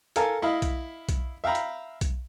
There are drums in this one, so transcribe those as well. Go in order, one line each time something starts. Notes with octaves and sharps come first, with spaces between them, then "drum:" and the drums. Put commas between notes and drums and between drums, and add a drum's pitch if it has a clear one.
A4 A#4 F5 G#5 A5, drum: hi-hat
E4 D#5 F5 B5
drum: kick B1, hi-hat
drum: kick B1, hi-hat
E5 F5 G5 A#5 B5
drum: hi-hat
drum: kick B1, hi-hat